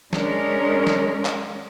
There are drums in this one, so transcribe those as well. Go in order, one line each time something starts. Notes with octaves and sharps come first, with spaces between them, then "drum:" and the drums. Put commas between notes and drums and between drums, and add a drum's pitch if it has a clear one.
G#3 C#4 D4 A#4 C#5, drum: snare
drum: snare
drum: clap